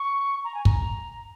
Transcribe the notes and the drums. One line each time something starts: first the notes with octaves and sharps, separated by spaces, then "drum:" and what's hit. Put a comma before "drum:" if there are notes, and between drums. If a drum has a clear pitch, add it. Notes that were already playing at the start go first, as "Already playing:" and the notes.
Already playing: C#6
A#5
G#5
A#5, drum: kick